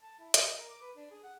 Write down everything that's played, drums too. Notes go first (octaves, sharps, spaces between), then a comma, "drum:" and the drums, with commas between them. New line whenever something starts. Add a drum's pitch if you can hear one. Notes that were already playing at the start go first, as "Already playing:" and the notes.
A5
E4
D#5, drum: hi-hat
A#4
D6
B4
D4
G#4
F#5